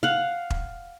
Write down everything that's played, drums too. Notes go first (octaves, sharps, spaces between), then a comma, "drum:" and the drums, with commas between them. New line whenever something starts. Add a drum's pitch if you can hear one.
F5 F#5
drum: kick E1